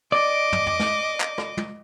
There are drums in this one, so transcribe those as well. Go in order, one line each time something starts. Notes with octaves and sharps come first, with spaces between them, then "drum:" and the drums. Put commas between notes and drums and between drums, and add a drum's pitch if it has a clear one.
D5 D#5 D6
drum: tom
drum: tom
drum: snare
drum: clap
drum: rim click
drum: tom